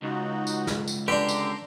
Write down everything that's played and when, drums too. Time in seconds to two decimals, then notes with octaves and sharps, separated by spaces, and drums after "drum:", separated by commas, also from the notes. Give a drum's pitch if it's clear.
0.03 C#2 D#4 F#4
0.47 drum: tambourine
0.67 drum: snare
0.88 drum: tambourine
1.08 D3 D4 G4 B4 A#5 C6
1.28 drum: tambourine